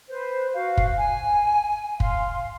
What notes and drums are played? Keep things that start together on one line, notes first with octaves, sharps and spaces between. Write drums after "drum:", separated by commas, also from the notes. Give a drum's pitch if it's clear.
B4 C5
F#4 F5
drum: kick
G#5
F5 C6, drum: kick